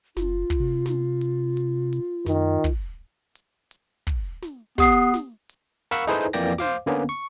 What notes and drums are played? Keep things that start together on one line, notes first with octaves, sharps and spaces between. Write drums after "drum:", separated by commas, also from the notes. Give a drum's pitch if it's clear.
F#1 F4, drum: snare
drum: kick, hi-hat
C3
drum: snare
drum: hi-hat
drum: hi-hat
drum: hi-hat
F#2 D#3, drum: snare
drum: kick, hi-hat
drum: hi-hat
drum: hi-hat
drum: kick, hi-hat
drum: snare
B3 G4 D#6 C7, drum: kick, hi-hat
drum: snare
drum: hi-hat
A#4 F5 F#5 B5 C#6 E6
D#4 E4 G#4 A4 B4 C5
drum: hi-hat
F2 E3 A#3 D5 G5 A#6
C5 F5 D6, drum: snare
D3 A#3 B3 C#4
C#6